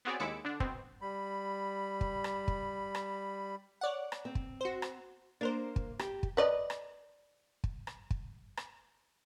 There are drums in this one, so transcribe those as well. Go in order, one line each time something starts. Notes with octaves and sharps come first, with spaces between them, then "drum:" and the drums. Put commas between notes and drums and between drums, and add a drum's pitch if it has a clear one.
B3 C4 F#4 G#4 C#5 D5
D#2 G#3 E4 D6 E6 C#7
D3 D4
B2 C4, drum: kick
G3 B5
drum: kick
drum: rim click
drum: kick
drum: rim click
C#5 D5 F#5
drum: rim click
C4
drum: kick
F#4 C5
drum: rim click
A#3 D4 A#4 C5
drum: kick
G4, drum: rim click
drum: kick
B4 D5 D#5
drum: rim click
drum: kick
drum: rim click
drum: kick
drum: rim click